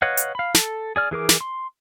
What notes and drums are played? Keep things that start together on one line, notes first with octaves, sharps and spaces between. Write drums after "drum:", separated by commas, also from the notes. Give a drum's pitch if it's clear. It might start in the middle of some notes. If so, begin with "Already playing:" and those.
B4 C#5 D#5 F5 F#5
drum: hi-hat
F5 B5
A4, drum: snare
G#4 D5 F6
E3 G#4 A#4 D6
drum: snare
C6